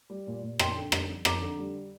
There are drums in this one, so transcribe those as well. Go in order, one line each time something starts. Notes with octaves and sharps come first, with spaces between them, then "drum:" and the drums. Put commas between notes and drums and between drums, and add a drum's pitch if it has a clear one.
G3
A#2
A#2
F2 G5 C6, drum: rim click
D3
G3, drum: rim click
F2
F2 A#5 D6, drum: rim click
D3
G3